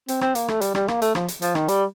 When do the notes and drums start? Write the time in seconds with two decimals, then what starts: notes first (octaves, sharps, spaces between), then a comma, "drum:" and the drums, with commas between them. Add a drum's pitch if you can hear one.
0.08 C4, drum: hi-hat
0.21 C4, drum: rim click
0.35 A#3, drum: hi-hat
0.48 A3, drum: rim click
0.61 G3, drum: hi-hat
0.75 G3, drum: rim click
0.88 A#3, drum: rim click
1.02 A3, drum: hi-hat
1.15 F3, drum: rim click
1.28 drum: hi-hat
1.42 F3, drum: hi-hat
1.55 D#3, drum: rim click
1.68 G3, drum: hi-hat